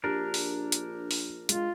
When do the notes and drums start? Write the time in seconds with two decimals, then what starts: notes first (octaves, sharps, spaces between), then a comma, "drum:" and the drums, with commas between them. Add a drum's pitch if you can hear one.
0.04 A#1 D4 G4 A#4
0.34 drum: open hi-hat
0.72 drum: hi-hat
1.11 drum: open hi-hat
1.49 G#3 F4, drum: hi-hat